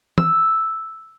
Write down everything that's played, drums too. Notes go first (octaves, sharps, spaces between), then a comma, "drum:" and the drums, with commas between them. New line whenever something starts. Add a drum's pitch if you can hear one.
E6, drum: tom